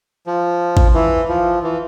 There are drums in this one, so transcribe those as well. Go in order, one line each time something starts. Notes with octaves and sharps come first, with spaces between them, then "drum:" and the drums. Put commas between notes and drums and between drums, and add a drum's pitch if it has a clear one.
F3
drum: kick G#1
E3
F3
E3